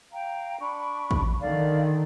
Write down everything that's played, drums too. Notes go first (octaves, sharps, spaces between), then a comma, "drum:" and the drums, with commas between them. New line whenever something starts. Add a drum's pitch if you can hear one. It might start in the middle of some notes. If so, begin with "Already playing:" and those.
F5 G5 A#5
D4 B5 C#6
drum: kick A1
D3 D#3 D5 F5